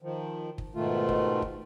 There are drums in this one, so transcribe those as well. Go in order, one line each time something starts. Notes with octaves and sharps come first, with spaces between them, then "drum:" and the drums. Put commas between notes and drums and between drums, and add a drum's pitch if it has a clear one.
D#3 F3
drum: kick
G#2 B2 D#3 A3 F4
drum: kick
drum: kick